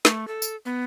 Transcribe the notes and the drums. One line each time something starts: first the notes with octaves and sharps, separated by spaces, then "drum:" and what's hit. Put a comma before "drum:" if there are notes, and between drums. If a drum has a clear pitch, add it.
A3, drum: snare
A4
drum: tambourine
B3